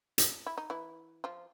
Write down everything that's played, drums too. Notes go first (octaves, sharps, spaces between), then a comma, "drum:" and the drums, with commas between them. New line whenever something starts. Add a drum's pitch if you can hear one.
drum: hi-hat
E4
D#4
E3 E4
F3 F4